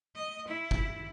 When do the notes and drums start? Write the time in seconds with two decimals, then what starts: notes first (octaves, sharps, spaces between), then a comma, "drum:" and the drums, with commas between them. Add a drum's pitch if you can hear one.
0.15 D#5
0.48 E4
0.71 drum: kick